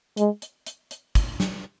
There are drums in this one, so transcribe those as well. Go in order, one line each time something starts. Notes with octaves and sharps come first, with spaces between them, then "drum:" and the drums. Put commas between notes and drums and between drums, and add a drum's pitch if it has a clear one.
G#3, drum: hi-hat
drum: hi-hat
drum: hi-hat
drum: hi-hat
drum: kick, hi-hat
drum: snare